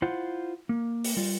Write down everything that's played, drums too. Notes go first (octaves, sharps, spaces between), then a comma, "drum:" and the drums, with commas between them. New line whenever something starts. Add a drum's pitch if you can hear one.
E4 F4 C5 F#5
A#3
drum: open hi-hat
G3 F4